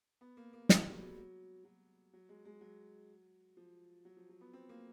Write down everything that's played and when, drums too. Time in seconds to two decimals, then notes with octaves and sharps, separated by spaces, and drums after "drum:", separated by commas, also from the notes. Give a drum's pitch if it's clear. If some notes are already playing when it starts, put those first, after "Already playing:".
0.21 B3
0.37 A#3
0.53 A#3
0.69 G#3, drum: snare
0.80 F#3
0.85 G3
0.96 G3
1.01 F#3
1.17 F#3
1.65 F#3
2.13 F#3
2.29 G#3
2.45 G#3
2.61 F#3
3.57 F3
4.05 F#3
4.17 F3
4.29 F#3
4.41 B3
4.53 C4
4.69 A#3